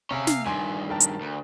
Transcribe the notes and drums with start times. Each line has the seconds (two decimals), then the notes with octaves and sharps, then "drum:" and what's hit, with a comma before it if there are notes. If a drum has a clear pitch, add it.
0.11 C3 C#4 F5 G#5
0.27 F5, drum: snare
0.46 G2 D#3 G#5 C6
0.90 A#4 G5 A5
1.01 drum: hi-hat
1.21 D2